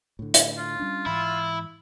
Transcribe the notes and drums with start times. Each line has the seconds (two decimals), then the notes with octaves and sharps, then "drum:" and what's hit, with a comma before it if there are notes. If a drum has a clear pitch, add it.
0.19 A2 D3
0.34 drum: hi-hat
0.58 F4
0.80 G3 C#4 D4
1.06 G#2 E3 E4